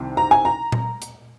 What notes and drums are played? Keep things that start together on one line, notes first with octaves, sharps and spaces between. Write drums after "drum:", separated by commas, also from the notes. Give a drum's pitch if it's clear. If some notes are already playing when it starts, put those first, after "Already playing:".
Already playing: C2 C3 D#3
A#5
G#5
A#5
drum: tom A#2
drum: hi-hat